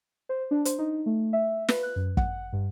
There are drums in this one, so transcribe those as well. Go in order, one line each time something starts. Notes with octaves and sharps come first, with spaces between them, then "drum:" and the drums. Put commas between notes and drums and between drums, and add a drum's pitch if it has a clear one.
C5
D4
C5, drum: hi-hat
D#4
A3
E5
B4, drum: snare
F#6
F#2
F#5, drum: kick
G2